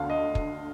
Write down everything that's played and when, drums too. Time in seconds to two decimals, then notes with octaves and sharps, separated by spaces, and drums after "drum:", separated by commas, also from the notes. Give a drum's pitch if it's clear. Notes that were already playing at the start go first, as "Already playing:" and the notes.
Already playing: D2 D3 F5
0.10 D#5
0.35 drum: kick